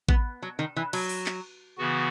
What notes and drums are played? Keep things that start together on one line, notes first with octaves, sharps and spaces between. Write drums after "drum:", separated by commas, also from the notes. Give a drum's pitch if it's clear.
B3, drum: kick A1
F#3
D#3
E3
F#3, drum: cymbal
drum: open hi-hat
drum: clap
C#3 E3 B3 F#4